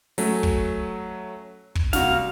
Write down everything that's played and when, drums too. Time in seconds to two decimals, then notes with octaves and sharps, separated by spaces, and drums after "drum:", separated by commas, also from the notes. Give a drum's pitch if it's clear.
0.18 F#3 A3 C#4, drum: open hi-hat
0.43 drum: kick
1.75 drum: kick
1.93 C2 F#4 F5, drum: snare